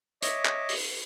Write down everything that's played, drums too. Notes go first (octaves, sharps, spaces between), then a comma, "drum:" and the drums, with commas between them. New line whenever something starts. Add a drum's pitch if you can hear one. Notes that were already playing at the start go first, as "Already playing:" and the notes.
C#5 D#5 E5 D6, drum: hi-hat
drum: clap
drum: open hi-hat